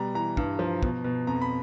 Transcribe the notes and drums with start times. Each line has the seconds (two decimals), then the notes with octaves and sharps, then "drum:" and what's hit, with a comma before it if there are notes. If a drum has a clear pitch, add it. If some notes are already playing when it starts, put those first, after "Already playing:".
Already playing: B2 G3 A#5
0.14 E3 A#5
0.37 G2, drum: kick
0.59 F3
0.83 B2, drum: kick
1.04 B2
1.27 F2 A#5
1.42 B5